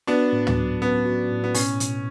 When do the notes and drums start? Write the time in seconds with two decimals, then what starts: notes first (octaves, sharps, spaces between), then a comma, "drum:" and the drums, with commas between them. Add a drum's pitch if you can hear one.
0.07 B3 D4 F#4
0.33 A2
0.47 drum: tom
0.57 F#3
0.82 B3 C#4
1.05 F#4
1.31 A2
1.44 B3
1.54 B2 C#4, drum: open hi-hat
1.80 B2, drum: hi-hat